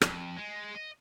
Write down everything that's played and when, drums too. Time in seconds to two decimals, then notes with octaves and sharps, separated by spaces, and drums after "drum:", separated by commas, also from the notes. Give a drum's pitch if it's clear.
0.01 F2, drum: rim click
0.36 G#3
0.75 D#5